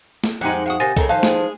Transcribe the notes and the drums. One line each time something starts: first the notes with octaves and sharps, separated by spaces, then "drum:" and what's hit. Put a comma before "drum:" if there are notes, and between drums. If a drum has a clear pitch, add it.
drum: snare
F2 G#3 D#4 G4 F#5
G#3 F#4 F5 F#5 D#6
C3 D#3 G#5 A6 A#6
C#3 A4 A#4 D#5 G5, drum: kick C2, hi-hat
D#3 F3 D#4 B4 F5 A5
G#3 G#4, drum: snare